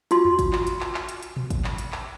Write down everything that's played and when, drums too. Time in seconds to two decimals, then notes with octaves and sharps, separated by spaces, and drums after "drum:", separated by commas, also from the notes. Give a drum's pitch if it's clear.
0.11 F4 F#4 C6, drum: hi-hat
0.25 drum: tom E2
0.39 drum: kick, hi-hat
0.53 drum: clap
0.67 drum: hi-hat
0.81 drum: clap
0.95 drum: clap
1.09 drum: hi-hat
1.23 drum: hi-hat
1.36 drum: tom A#2
1.50 drum: kick, hi-hat
1.64 drum: clap
1.78 drum: hi-hat
1.92 drum: clap